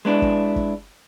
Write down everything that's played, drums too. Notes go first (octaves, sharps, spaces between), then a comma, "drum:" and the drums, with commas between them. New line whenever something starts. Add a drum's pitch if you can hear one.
G#3 B3 D4 E4
drum: kick
drum: kick